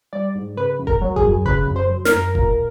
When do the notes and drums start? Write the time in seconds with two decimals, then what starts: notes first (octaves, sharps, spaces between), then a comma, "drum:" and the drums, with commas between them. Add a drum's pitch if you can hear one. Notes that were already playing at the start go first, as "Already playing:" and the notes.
0.13 G3 D5
0.35 G#2
0.57 C#3 B4
0.79 F#2
0.87 A#4, drum: kick E1
1.01 F#3
1.16 G#4, drum: kick E1
1.23 F#2
1.46 C#3 B4, drum: kick E1
1.68 F#2
1.76 C5
1.90 F#3
2.05 A#4, drum: snare
2.12 F#2
2.35 A#2, drum: kick E1